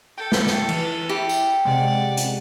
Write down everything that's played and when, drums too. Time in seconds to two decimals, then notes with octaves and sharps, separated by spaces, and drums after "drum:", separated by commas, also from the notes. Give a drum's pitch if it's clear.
0.18 A4 G5
0.32 drum: snare
0.47 drum: snare
0.69 E3, drum: cymbal
1.09 E4 G4
1.29 drum: tambourine
1.65 C3 G#3 D5 F#5
2.17 drum: hi-hat